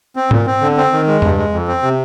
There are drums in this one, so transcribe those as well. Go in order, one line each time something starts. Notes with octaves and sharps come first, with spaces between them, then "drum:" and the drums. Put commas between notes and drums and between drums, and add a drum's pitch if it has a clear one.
C4
A#2, drum: tom G#2
C4
D3
C4
D#3
G#3
G2, drum: tom E2
G#3
F2
C4
C3